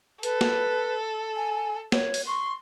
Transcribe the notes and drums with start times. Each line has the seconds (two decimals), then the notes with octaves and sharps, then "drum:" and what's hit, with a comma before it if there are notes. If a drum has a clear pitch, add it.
0.23 A4 B4, drum: hi-hat
0.41 drum: snare
1.36 G#5
1.92 C#5, drum: snare
2.14 drum: open hi-hat
2.27 C6 C#6